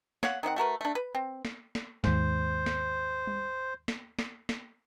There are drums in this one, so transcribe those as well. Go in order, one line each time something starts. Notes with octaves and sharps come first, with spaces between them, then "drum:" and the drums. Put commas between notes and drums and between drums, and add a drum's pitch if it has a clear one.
C#5 F5 F#5, drum: snare
D#3 C4 G4 F#5
A3 F#4 A#4 B4
A3 D4
B4
C4
drum: snare
drum: snare
D#2 G#2 C5, drum: snare
drum: snare
drum: tom G3
drum: snare
drum: snare
drum: snare